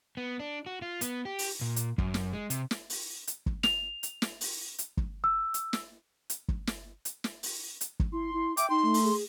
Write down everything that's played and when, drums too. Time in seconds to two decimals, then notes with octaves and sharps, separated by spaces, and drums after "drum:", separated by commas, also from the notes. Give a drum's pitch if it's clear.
0.17 B3
0.39 D4
0.66 F#4
0.82 F4
1.01 B3, drum: hi-hat
1.25 G4
1.39 drum: open hi-hat
1.61 A#2
1.76 drum: hi-hat
1.98 F#2, drum: kick
2.14 drum: snare
2.33 G#3
2.50 C3, drum: hi-hat
2.71 drum: snare
2.90 drum: open hi-hat
3.27 drum: hi-hat
3.46 drum: kick
3.63 F7, drum: snare
4.03 drum: hi-hat
4.22 drum: snare
4.41 drum: open hi-hat
4.78 drum: hi-hat
4.97 drum: kick
5.24 E6
5.54 drum: hi-hat
5.73 drum: snare
6.30 drum: hi-hat
6.48 drum: kick
6.67 drum: snare
7.05 drum: hi-hat
7.24 drum: snare
7.43 drum: open hi-hat
7.81 drum: hi-hat
8.00 drum: kick
8.12 E4 C6
8.33 E4
8.57 E5 G5 D6, drum: hi-hat
8.70 D#4 C6
8.83 A3
8.94 drum: open hi-hat
9.04 G#4